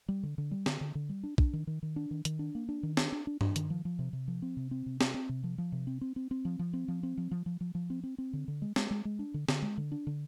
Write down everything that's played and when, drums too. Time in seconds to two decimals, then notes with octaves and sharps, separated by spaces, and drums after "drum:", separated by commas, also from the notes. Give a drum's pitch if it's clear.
0.08 G3
0.23 D3
0.38 D3
0.51 G3
0.66 D3, drum: snare
0.81 D3
0.95 D3
1.09 G3
1.23 D4
1.38 D4, drum: kick
1.53 D#3
1.67 D#3
1.83 D#3
1.96 D4
2.11 D#3
2.25 D#3, drum: hi-hat
2.39 D4
2.55 A#3
2.69 D4
2.83 D#3
2.97 D4, drum: snare
3.12 D4
3.27 D4
3.41 D4, drum: tom G2
3.56 D#3, drum: hi-hat
3.70 F3
3.85 F3
3.99 C3
4.13 C3
4.28 F3
4.42 C4
4.57 C3
4.71 C4
4.86 C3
5.01 C4, drum: snare
5.14 C4
5.29 C3
5.44 F3
5.58 F3
5.72 C3
5.87 C4
6.01 C4
6.16 C4
6.31 C4
6.45 F3
6.59 F3
6.73 C4
6.88 F3
7.03 C4
7.18 F3
7.31 F3
7.46 F3
7.61 F3
7.75 F3
7.90 C4
8.03 C4
8.18 C4
8.33 D3
8.48 D3
8.62 G#3
8.76 G#3, drum: snare
8.91 G#3
9.05 G#3
9.19 D4
9.34 D3
9.48 D3, drum: snare
9.62 G#3
9.78 D3
9.92 D4
10.07 D3